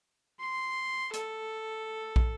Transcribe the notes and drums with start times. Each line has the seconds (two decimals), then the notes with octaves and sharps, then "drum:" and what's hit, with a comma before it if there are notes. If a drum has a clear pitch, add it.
0.40 C6
1.13 A4, drum: hi-hat
2.16 drum: kick